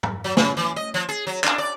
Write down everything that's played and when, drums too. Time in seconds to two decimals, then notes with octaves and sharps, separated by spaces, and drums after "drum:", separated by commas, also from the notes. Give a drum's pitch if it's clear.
0.03 drum: tom
0.24 F#3
0.37 C#3, drum: snare
0.57 E3
0.76 D#5
0.94 F3
1.09 G#4
1.27 F#3
1.44 D4, drum: clap
1.58 D5